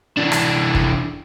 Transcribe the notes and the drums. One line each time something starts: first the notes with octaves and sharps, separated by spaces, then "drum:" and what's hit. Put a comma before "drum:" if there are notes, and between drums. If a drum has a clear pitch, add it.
E3 D4
drum: rim click
drum: kick